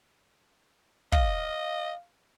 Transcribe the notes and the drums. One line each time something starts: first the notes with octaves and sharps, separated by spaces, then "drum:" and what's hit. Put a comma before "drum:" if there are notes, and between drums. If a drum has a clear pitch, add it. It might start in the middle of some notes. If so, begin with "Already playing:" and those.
D#5 F5, drum: kick